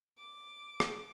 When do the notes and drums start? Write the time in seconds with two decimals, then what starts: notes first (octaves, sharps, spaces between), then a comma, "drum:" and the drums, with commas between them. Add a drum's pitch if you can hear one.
0.18 D6
0.80 drum: rim click